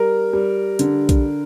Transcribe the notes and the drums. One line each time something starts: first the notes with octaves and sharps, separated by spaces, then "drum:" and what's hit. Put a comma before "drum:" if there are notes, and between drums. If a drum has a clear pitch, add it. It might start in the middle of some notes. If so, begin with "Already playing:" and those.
Already playing: G3 A#4
G3
D3, drum: hi-hat
drum: kick B1, hi-hat